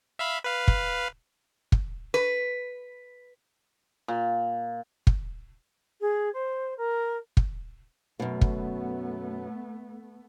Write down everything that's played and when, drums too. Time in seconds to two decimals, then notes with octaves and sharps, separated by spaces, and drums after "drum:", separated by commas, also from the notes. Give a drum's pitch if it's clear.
0.19 E5 F5 B5
0.44 B4 F5
0.68 drum: kick
1.72 drum: kick
2.14 B4
4.08 A#2
5.07 drum: kick
6.00 G#4
6.33 C5
6.77 A#4
7.37 drum: kick
8.20 F#2 B2 A3 B3
8.41 drum: kick